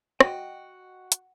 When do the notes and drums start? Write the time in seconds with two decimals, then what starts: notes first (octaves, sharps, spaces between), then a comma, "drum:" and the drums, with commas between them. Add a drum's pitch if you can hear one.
0.20 F#4 D#5 G5, drum: rim click
1.12 drum: hi-hat